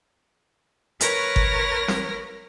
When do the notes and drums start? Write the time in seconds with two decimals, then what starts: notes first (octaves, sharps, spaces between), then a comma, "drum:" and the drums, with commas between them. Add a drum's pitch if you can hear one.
1.01 A#4 B4 C#5 F6 A#6, drum: hi-hat
1.36 drum: kick G1
1.88 drum: snare